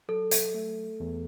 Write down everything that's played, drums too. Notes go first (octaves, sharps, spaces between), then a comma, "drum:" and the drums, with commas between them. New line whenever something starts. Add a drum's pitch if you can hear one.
F#3 A4
drum: hi-hat
A3
E2